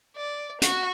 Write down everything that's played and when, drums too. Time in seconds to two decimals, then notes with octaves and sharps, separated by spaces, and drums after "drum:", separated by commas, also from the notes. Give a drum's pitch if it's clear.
0.16 D5
0.62 F#4, drum: hi-hat